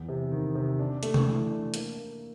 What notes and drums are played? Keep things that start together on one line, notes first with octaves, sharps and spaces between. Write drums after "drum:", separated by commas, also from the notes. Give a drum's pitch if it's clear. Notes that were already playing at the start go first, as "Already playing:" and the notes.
Already playing: E2
C3
D#3
C3
D4
A3, drum: hi-hat
drum: tom C3
E3
D4
A#3, drum: hi-hat
A#3